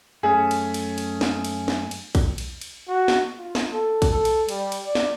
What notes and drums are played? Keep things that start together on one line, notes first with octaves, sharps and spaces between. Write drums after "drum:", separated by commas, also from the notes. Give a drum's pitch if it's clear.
F#2 A3 C#4 G#4
drum: cymbal
drum: cymbal
drum: cymbal
drum: snare
drum: cymbal
drum: snare
drum: cymbal
drum: kick A#1, cymbal
drum: cymbal
drum: cymbal
F#4
drum: snare
F4
drum: snare
A4
drum: kick A#1, cymbal
A4
drum: cymbal
G3, drum: cymbal
drum: cymbal
D5
drum: snare